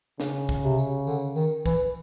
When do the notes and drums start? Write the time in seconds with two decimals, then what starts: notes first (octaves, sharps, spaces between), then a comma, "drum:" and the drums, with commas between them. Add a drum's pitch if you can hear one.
0.20 C#3, drum: snare
0.49 drum: kick B1
0.63 C3
0.78 drum: tambourine
1.07 D3, drum: tambourine
1.36 D#3, drum: tambourine
1.66 E3, drum: kick B1, tambourine